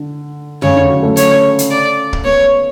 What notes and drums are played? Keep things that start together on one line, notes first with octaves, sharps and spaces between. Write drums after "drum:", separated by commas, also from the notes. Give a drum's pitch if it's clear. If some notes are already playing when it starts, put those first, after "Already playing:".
Already playing: D3
C#3 C#5, drum: tom F2
D3
F#3
A3
C#5, drum: hi-hat
drum: hi-hat
D5
drum: kick
B3 C#5